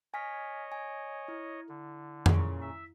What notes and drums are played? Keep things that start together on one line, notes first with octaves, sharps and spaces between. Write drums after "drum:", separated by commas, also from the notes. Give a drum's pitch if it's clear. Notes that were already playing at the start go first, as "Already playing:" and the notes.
C#5 D#5 G#5 F6 B6
G#5
E4
D3
A#2 C#3, drum: tom F2
E5